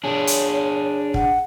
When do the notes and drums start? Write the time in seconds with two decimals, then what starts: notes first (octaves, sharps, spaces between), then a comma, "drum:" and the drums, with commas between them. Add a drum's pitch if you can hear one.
0.04 D4 G#4 C#5
0.27 drum: hi-hat
1.14 F#5, drum: kick